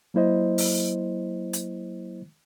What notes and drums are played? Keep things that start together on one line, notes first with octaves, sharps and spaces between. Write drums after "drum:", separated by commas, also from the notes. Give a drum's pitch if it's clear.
F#3 A#3 E4 C5 D#5
drum: open hi-hat
drum: hi-hat